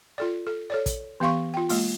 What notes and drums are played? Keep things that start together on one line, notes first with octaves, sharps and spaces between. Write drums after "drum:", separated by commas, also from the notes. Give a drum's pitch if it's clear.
F4 A4 D5
A4
A4 C#5 D5
drum: kick, hi-hat
E3 B3 G4 F5 C6 C#6
F4 G5
G#3 A#3 F4, drum: open hi-hat